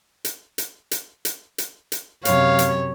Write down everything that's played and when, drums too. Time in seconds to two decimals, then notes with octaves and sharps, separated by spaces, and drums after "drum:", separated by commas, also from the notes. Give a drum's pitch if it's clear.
0.25 drum: hi-hat
0.58 drum: hi-hat
0.91 drum: hi-hat
1.25 drum: hi-hat
1.58 drum: hi-hat
1.92 drum: hi-hat
2.25 F#2 C3 C#5 F5, drum: hi-hat
2.59 drum: hi-hat